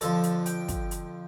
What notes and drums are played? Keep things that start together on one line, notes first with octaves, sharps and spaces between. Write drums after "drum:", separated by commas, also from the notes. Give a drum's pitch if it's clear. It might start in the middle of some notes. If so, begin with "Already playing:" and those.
F2 D3 F3 A4, drum: hi-hat
drum: hi-hat
G5, drum: hi-hat
drum: kick, hi-hat
drum: hi-hat